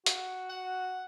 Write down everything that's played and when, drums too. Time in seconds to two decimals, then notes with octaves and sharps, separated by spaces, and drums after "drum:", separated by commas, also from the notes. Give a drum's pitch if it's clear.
0.06 F#4, drum: hi-hat
0.49 F#5